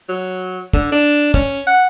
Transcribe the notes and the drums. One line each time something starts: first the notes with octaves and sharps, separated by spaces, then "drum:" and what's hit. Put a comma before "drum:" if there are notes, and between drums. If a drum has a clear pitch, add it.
F#3
D3, drum: kick
D4
C#4, drum: kick
F#5